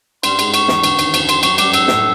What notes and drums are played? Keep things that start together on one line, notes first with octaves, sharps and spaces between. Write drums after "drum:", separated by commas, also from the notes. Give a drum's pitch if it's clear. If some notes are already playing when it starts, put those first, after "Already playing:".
G2 G3 C6, drum: cymbal
G#2 G#3, drum: cymbal
C#6, drum: cymbal
E2 E3, drum: snare
D2 D3, drum: cymbal
D#2 D#3, drum: cymbal
F2 F3, drum: cymbal
C6, drum: cymbal
F#2 F#3 C#6, drum: cymbal
G2 G3 D6, drum: cymbal
G#2 G#3 E6, drum: cymbal
A2 A3, drum: snare